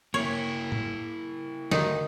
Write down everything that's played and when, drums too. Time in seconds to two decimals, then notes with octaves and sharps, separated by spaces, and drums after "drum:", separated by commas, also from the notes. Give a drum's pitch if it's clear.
0.14 A#3 E4 C#5
0.72 drum: tom A2
1.71 D2 D#3 D#4, drum: snare